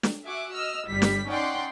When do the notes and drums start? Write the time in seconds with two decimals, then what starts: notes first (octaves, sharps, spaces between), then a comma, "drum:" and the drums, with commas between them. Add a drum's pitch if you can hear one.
0.03 drum: snare
0.24 F#4 E5 F#5 G#5 D6
0.54 D#5 E6 F6
0.89 G1 G3 B6
1.02 drum: snare
1.28 C#4 D#4 D5 F#5 G5 C6